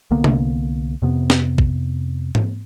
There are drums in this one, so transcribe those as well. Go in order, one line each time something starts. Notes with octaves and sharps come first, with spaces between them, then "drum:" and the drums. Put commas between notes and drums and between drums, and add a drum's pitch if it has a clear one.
C2 D3 A#3 B3
drum: tom C3
F2 C3 B3
drum: snare
drum: kick
drum: tom G#2